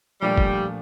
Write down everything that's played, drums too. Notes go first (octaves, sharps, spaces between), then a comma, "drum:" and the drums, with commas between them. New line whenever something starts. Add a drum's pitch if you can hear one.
A#2 F3 G3 A3 D4 G4
drum: kick